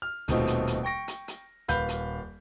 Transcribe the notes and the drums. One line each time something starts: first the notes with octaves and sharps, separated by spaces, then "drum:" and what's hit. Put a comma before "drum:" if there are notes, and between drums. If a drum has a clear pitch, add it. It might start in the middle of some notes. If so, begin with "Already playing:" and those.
F6
D#1 B2 A3 C4 D#4 F4, drum: hi-hat
drum: hi-hat
drum: hi-hat
G5 C#6 A#6 D7
drum: hi-hat
drum: hi-hat
D#1 B4 F5 B5 G6, drum: hi-hat
drum: hi-hat